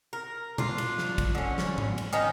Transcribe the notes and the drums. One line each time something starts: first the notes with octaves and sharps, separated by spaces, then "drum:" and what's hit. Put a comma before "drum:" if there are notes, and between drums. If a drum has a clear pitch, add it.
A#4
D4 F4, drum: tom A#2
drum: cymbal
drum: snare
drum: kick, cymbal
D3 C#4
drum: snare
drum: tom G#2
drum: cymbal
D#3 C#4 D#4